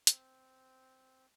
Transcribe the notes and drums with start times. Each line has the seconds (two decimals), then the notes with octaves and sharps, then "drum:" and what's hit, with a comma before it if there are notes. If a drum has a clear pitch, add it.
0.07 C4, drum: hi-hat